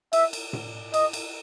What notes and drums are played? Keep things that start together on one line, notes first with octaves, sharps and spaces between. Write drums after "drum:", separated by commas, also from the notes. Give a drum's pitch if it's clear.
E5, drum: cymbal
drum: cymbal
drum: tom A2
D#5, drum: cymbal
drum: cymbal